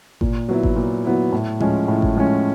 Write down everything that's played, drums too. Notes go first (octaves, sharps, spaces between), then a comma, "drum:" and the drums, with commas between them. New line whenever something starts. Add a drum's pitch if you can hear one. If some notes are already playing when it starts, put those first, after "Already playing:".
A#2, drum: kick G#1
F#3 B3 E4
drum: kick G#1
A#2
F#3 B3 E4
A2
F3 G#3 C#4, drum: tom A2
A2
drum: kick G#1
F3 G#3 C#4